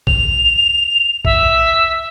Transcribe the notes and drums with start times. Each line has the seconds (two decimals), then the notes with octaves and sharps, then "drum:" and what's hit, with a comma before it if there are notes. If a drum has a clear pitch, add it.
0.07 F7, drum: kick A#1
1.25 E5, drum: kick A#1